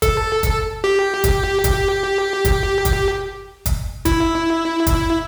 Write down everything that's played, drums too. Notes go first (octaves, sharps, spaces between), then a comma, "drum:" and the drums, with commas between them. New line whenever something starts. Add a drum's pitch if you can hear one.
A4, drum: kick, hi-hat
drum: kick, hi-hat
G4
drum: kick, hi-hat
drum: kick, hi-hat
drum: kick, hi-hat
drum: kick, hi-hat
drum: kick, hi-hat
E4, drum: kick, hi-hat
drum: kick, hi-hat